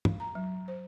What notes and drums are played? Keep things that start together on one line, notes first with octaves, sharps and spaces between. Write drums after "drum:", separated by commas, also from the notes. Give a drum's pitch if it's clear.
G#3, drum: tom
A#5
F#3
C5